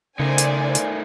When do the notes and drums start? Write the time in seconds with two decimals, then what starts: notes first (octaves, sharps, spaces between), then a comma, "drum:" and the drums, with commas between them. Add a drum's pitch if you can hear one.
0.20 C#3 A3 D#4 A#4 C5 D5 G#5
0.38 drum: hi-hat
0.75 drum: hi-hat